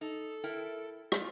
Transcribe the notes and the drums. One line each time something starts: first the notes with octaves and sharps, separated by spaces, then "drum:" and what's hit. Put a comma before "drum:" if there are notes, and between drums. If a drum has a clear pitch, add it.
D#4 A4
E4 A#4 G5
F4, drum: rim click